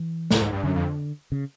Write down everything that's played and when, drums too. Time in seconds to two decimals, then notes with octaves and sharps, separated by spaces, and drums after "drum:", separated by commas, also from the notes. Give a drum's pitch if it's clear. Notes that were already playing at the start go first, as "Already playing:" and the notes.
Already playing: E3
0.31 A2, drum: snare
0.41 G#2
0.53 G2
0.64 F#2 D3
0.76 F2
1.32 C#3